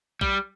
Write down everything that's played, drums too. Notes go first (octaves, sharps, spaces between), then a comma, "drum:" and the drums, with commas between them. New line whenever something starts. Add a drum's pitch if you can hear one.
G3, drum: kick A#1